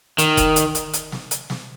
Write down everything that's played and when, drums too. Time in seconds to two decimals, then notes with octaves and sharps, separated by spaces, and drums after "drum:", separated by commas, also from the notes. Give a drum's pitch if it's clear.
0.18 D#3, drum: hi-hat
0.37 drum: kick F1, hi-hat
0.56 drum: hi-hat
0.75 drum: hi-hat
0.93 drum: hi-hat
1.12 drum: snare
1.31 drum: hi-hat
1.50 drum: snare